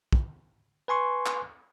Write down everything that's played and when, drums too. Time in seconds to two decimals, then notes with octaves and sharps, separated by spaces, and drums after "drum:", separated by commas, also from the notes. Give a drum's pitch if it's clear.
0.13 drum: kick
0.88 B4 G#5 C6 C#6
1.26 drum: clap